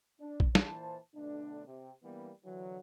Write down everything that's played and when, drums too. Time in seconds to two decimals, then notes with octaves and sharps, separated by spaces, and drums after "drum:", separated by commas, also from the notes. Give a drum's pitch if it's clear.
0.20 D4
0.40 drum: kick A#1
0.55 A#2 E3 C5 A5, drum: snare
1.15 B1 B2 D3 A3 D4
1.67 C3
2.03 G2 E3 G3 A#3 B3
2.44 D3 E3 F#3